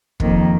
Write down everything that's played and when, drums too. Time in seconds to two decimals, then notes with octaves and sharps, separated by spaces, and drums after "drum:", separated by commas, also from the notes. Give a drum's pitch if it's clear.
0.20 F2 D#3 A#3, drum: kick